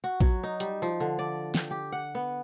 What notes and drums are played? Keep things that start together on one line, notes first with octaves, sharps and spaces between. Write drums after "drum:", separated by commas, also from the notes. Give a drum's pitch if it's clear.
F#4
F#3, drum: kick
D#4
G3, drum: hi-hat
F3
D3
D5
G5, drum: snare
G4
F#5
B3